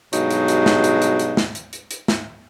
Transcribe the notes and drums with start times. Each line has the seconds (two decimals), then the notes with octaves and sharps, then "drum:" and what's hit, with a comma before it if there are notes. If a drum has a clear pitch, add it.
0.13 G2 B2 F#3 G#3 D#4, drum: hi-hat
0.31 drum: hi-hat
0.48 drum: hi-hat
0.66 drum: snare
0.84 drum: hi-hat
1.02 drum: hi-hat
1.19 drum: hi-hat
1.37 drum: snare
1.55 drum: hi-hat
1.73 drum: hi-hat
1.91 drum: hi-hat
2.08 drum: snare